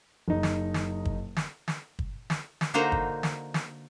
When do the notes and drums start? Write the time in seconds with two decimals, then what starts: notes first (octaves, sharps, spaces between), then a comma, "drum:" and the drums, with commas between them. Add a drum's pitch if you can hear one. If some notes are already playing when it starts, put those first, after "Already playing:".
0.28 F#1 D#4
0.43 drum: snare
0.74 drum: snare
1.05 drum: kick
1.36 drum: snare
1.68 drum: snare
1.99 drum: kick
2.30 drum: snare
2.61 drum: snare
2.74 D3 A#3 D#4 F#4 C5 A#5
2.92 drum: kick
3.23 drum: snare
3.54 drum: snare